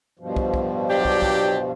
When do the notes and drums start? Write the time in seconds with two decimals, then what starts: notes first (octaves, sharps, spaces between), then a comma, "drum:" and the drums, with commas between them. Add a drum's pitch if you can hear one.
0.19 G2 B2 F3
0.36 drum: kick
0.54 drum: kick
0.89 F#3 D4 G4
1.05 drum: kick
1.22 drum: kick